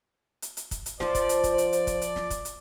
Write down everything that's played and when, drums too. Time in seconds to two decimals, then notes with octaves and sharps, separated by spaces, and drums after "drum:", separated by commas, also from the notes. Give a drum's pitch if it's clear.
0.42 drum: hi-hat
0.57 drum: hi-hat
0.71 drum: kick, hi-hat
0.86 drum: hi-hat
1.00 F3 C5 D5, drum: snare
1.15 drum: kick, hi-hat
1.29 drum: hi-hat
1.44 drum: kick, hi-hat
1.58 drum: hi-hat
1.73 drum: hi-hat
1.87 drum: kick, hi-hat
2.01 drum: hi-hat
2.16 drum: snare
2.30 drum: kick, hi-hat
2.45 drum: hi-hat